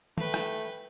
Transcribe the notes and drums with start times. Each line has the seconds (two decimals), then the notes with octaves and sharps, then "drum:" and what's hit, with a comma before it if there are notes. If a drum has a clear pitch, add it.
0.18 A3 B4 G5, drum: tom
0.34 drum: rim click